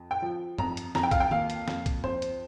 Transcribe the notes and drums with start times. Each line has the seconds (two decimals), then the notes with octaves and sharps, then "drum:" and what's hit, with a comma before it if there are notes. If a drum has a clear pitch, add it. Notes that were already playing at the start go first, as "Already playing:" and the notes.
Already playing: F2
0.11 G5
0.22 F3
0.58 F2 A#5, drum: tom G2
0.77 drum: hi-hat
0.95 F2 A#5, drum: snare
1.03 G5
1.11 F5, drum: kick A#1, hi-hat
1.20 G5
1.31 A#3 F5, drum: tom D#3
1.50 drum: hi-hat
1.68 F2, drum: snare
1.86 drum: kick A#1, hi-hat
2.04 F2 C5, drum: tom G2
2.22 drum: hi-hat